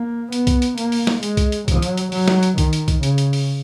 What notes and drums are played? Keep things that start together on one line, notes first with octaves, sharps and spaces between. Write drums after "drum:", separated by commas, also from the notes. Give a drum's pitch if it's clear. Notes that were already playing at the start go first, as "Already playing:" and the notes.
Already playing: A#3
B3, drum: hi-hat
drum: kick C2, hi-hat
drum: hi-hat
A#3, drum: hi-hat
drum: open hi-hat
drum: snare
G#3, drum: hi-hat
drum: kick C2, hi-hat
drum: hi-hat
F#3, drum: kick C2, hi-hat
drum: hi-hat
drum: hi-hat
F#3, drum: open hi-hat
drum: snare
drum: hi-hat
D#3, drum: kick C2, hi-hat
drum: hi-hat
drum: kick C2, hi-hat
C#3, drum: hi-hat
drum: hi-hat
drum: open hi-hat